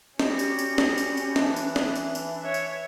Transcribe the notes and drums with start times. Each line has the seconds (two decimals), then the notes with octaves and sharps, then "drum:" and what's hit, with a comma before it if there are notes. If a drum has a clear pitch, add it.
0.19 G3 C#4 F#4 G4, drum: snare
0.39 drum: tambourine
0.59 drum: tambourine
0.78 drum: snare
0.98 drum: tambourine
1.17 drum: tambourine
1.36 E3 D4, drum: snare
1.56 drum: tambourine
1.76 drum: snare
1.95 drum: tambourine
2.15 drum: tambourine
2.41 C#5 E5
2.54 drum: tambourine